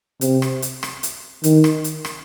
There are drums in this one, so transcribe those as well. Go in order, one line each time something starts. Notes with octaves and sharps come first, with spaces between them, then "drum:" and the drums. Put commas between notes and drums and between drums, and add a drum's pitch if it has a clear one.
C3, drum: hi-hat
drum: rim click
drum: hi-hat
drum: rim click
drum: hi-hat
D#3, drum: hi-hat
drum: rim click
drum: hi-hat
drum: rim click